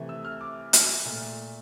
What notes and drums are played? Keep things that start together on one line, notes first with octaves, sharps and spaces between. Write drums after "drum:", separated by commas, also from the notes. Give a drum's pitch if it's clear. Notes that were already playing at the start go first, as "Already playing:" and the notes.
Already playing: C3 E3 A3
E6
F6
D6
F6, drum: hi-hat
A#2 A3